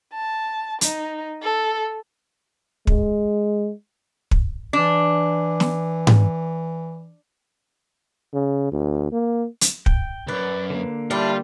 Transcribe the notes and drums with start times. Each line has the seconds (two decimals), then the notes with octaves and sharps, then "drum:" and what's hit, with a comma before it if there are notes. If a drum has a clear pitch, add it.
0.14 A5
0.81 D#4, drum: hi-hat
1.42 A4
2.87 G#3, drum: kick
4.31 drum: kick
4.73 E3 D4
5.60 drum: snare
6.07 drum: tom G#2
8.33 C#3
8.72 D2
9.12 A#3
9.61 drum: hi-hat
9.86 G5, drum: kick
10.28 C#2 F#2 B4 D5
10.70 D3 A#3
11.11 G3 D4 E4 F4